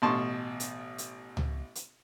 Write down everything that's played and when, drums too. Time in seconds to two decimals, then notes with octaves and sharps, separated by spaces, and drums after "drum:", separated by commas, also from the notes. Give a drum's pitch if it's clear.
0.02 A1 B2 A5 C6 C#6
0.60 drum: hi-hat
0.98 drum: hi-hat
1.37 drum: tom C#2
1.75 drum: hi-hat